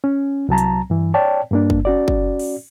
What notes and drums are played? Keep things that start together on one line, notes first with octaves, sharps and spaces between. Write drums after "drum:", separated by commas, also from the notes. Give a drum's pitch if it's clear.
C#4
C2 F#3 A5 A#5
drum: hi-hat
G2 E3
C#5 D5 G5 A5
G2 A#3 D4
drum: kick
C#4 F#4 D5
drum: kick
drum: open hi-hat